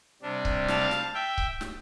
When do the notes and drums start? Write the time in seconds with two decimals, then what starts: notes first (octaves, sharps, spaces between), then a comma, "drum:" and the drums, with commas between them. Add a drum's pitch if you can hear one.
0.22 C3 G3 D4
0.45 drum: kick C#1
0.68 F5 A5, drum: snare
0.91 drum: snare
1.14 E5 G5
1.38 drum: kick C#1
1.61 drum: snare